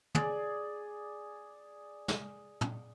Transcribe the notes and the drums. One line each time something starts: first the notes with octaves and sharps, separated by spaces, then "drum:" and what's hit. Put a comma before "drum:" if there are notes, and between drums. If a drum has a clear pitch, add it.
G#4 D5, drum: tom
drum: snare
drum: tom